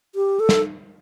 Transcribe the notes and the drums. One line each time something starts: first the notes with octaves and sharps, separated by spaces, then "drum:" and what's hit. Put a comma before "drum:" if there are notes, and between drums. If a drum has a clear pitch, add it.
G4
A4
drum: snare